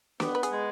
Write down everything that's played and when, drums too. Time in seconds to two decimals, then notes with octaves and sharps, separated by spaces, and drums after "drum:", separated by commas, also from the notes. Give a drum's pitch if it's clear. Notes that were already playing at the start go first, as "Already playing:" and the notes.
0.20 B3 G4, drum: snare
0.35 B4
0.43 G#4, drum: hi-hat
0.51 G#3